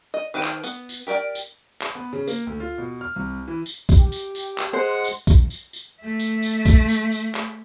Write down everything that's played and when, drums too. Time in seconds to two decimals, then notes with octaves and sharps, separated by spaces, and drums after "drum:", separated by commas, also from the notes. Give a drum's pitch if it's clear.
0.14 D#5
0.34 D#3 B4 C5 G5
0.43 drum: clap
0.64 B3, drum: tambourine
0.89 drum: tambourine
1.07 G4 A#4 B4 D5 G5
1.35 drum: tambourine
1.81 drum: clap
1.95 B3
2.13 C#3
2.28 A#3, drum: tambourine
2.47 D2
2.60 F4
2.78 B2
3.01 F6
3.16 C2
3.48 E3
3.66 drum: tambourine
3.89 drum: kick A#1, tambourine
3.98 G4
4.12 drum: tambourine
4.35 drum: tambourine
4.58 drum: clap
4.73 G#3 C5 F#5
5.04 drum: tambourine
5.27 drum: kick A#1, tambourine
5.50 drum: tambourine
5.73 drum: tambourine
6.02 A3 E5
6.19 drum: tambourine
6.43 drum: tambourine
6.66 drum: kick A#1, tambourine
6.89 drum: tambourine
7.12 drum: tambourine
7.35 drum: clap